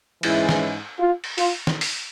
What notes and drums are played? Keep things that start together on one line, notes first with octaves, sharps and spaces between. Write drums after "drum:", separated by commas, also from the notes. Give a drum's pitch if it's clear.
G#2 E3 G#3 C#4 E4, drum: cymbal
drum: snare
F4
drum: cymbal
F4, drum: open hi-hat
drum: snare
drum: open hi-hat